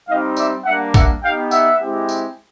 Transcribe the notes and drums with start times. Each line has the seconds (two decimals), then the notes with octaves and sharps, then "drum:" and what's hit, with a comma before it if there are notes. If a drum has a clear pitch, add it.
0.08 G3 C4 D#4 G4 D#5 F5
0.36 D5 E5, drum: tambourine
0.65 G3 A#3 D4 E5 F#5
0.94 E5 F#5, drum: kick A1, tambourine
1.23 B3 D#4 G4 F5 G5
1.51 E5 F#5, drum: tambourine
1.80 G#3 C4 E4 G4
2.09 drum: tambourine